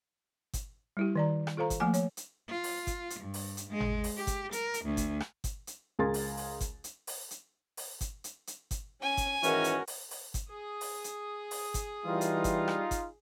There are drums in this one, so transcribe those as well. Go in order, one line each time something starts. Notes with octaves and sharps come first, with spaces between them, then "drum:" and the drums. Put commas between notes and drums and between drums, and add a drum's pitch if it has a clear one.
drum: kick G1, hi-hat
G3 E4 G4
D#3 D5 A#5
drum: rim click
F4 A4 C5 F5 A#5
drum: kick G1, hi-hat
F3 A3 A#3 G#5 D6
C#5, drum: hi-hat
drum: hi-hat
F4
drum: open hi-hat
drum: kick G1, hi-hat
drum: hi-hat
G2
drum: open hi-hat
drum: hi-hat
G#3
drum: tom G#1
drum: open hi-hat
G4
drum: kick G1, hi-hat
A#4, drum: hi-hat
drum: hi-hat
D2
drum: kick G1, hi-hat
drum: rim click
drum: kick G1, hi-hat
drum: hi-hat
C#2 G#4 A#4 C6 A6
drum: open hi-hat
drum: open hi-hat
drum: kick G1, hi-hat
drum: hi-hat
drum: open hi-hat
drum: hi-hat
drum: open hi-hat
drum: kick G1, hi-hat
drum: hi-hat
drum: hi-hat
drum: kick G1, hi-hat
C#4 G#5
drum: kick G1, hi-hat
G#2 D#3 E3 C#4 F#4 A#4, drum: hi-hat
drum: hi-hat
drum: open hi-hat
drum: open hi-hat
drum: kick G1, hi-hat
G#4 D#6
drum: open hi-hat
drum: hi-hat
drum: open hi-hat
drum: kick G1, hi-hat
E3 G3 D#4 F4
drum: hi-hat
drum: kick G1, hi-hat
drum: rim click
drum: kick G1, hi-hat